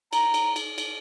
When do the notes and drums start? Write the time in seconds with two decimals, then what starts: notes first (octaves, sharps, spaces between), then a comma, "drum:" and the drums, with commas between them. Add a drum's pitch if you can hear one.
0.13 A#5, drum: cymbal
0.34 drum: cymbal
0.56 drum: cymbal
0.78 drum: cymbal